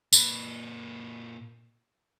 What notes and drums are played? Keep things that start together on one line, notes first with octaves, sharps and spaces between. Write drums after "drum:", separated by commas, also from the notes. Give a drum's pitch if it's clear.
A#2 B4, drum: tambourine